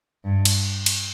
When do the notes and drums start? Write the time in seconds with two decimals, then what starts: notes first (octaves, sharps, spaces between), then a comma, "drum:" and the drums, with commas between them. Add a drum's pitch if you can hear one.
0.25 G2
0.45 drum: cymbal
0.86 drum: cymbal